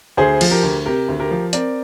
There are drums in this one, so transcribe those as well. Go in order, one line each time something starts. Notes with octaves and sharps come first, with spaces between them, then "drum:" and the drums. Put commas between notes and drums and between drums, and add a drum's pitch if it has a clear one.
D2 G#4 C5
F3, drum: cymbal
G4 A#4
D2
C3 G4 A#4
D2
G4 A#4
F3
C4 A#4 D5, drum: hi-hat